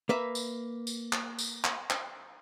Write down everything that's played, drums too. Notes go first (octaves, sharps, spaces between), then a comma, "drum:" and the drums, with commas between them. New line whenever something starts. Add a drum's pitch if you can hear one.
A#3 B4 E5
drum: tambourine
drum: tambourine
drum: clap
drum: tambourine
drum: clap
drum: clap